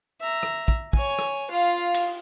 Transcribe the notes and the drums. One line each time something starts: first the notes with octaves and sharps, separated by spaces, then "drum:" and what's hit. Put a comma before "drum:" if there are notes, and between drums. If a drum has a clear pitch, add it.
E5 A#5
drum: rim click
drum: kick
C#5 G#5, drum: kick
drum: rim click
F4 F5
drum: cymbal